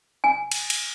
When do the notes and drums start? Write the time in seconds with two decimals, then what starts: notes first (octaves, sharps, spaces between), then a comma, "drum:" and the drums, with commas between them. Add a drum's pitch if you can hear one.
0.24 G#5
0.52 drum: cymbal
0.70 drum: cymbal